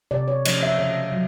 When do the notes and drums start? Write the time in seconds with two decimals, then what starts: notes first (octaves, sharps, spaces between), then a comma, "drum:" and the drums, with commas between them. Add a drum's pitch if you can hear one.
0.11 C3 D5
0.28 C#5
0.45 F3 A3 C#4 D#5, drum: cymbal
0.63 E5
0.78 C#3 D#5
1.12 F#3